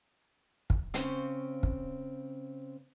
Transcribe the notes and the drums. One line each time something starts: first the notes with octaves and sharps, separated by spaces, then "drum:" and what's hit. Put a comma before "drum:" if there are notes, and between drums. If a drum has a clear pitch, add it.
drum: kick
C#3 C4 C#4 C5 F5, drum: hi-hat
drum: kick